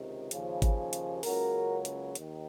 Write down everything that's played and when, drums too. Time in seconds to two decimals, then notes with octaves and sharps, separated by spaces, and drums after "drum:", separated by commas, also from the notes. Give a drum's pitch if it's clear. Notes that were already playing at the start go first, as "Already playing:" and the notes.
Already playing: C#2 C3 D#3
0.31 D#2 C#3 F3, drum: hi-hat
0.62 drum: kick G#1, hi-hat
0.93 drum: hi-hat
1.23 C#2 C#3 F#3 A#3 F#4 A#4, drum: open hi-hat
1.85 drum: hi-hat
2.15 D#2 D#3, drum: hi-hat